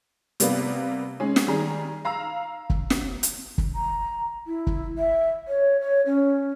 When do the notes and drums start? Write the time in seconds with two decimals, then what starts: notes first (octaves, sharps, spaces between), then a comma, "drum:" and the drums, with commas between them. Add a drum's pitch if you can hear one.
0.40 C3 G3 A#3 B3, drum: hi-hat
1.20 G#3 C#4
1.36 drum: snare
1.48 D#3 G3 G#4 A#5
2.05 F5 A#5 E6
2.70 drum: kick
2.90 drum: snare
3.23 drum: hi-hat
3.58 drum: kick
3.75 A#5
4.47 E4
4.67 drum: kick
4.98 E5
5.48 C#5
5.80 C#5
6.06 C#4